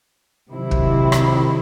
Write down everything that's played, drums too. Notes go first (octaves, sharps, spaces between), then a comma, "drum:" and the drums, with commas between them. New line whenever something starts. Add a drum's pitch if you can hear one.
C3 D#3 F#3 C4 E4
drum: kick
drum: rim click